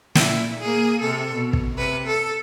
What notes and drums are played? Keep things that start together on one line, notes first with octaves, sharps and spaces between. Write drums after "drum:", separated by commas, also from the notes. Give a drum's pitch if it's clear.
A#2 E4, drum: snare
A#3 G#4
C3 A4
B2
drum: kick
C3 B4
A4